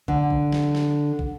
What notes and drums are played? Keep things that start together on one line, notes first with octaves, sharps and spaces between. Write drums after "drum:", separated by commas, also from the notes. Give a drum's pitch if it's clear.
D3, drum: kick
drum: kick
drum: snare
drum: snare
drum: kick